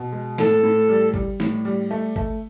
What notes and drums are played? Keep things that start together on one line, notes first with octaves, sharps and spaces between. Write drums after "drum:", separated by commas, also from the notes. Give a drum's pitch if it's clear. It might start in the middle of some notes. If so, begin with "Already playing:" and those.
Already playing: B2
G#3
A2 A4, drum: snare
A2
G3
G3, drum: kick G1
A2, drum: snare
G3
A3
A3, drum: kick G1